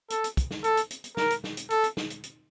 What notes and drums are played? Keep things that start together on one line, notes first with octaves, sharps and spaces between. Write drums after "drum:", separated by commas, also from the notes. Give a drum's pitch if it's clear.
A4, drum: hi-hat
drum: hi-hat
drum: kick, hi-hat
drum: snare
A4, drum: hi-hat
drum: hi-hat
drum: hi-hat
drum: hi-hat
A#4, drum: snare
drum: hi-hat
drum: snare
drum: hi-hat
A4, drum: hi-hat
drum: hi-hat
drum: snare
drum: hi-hat
drum: hi-hat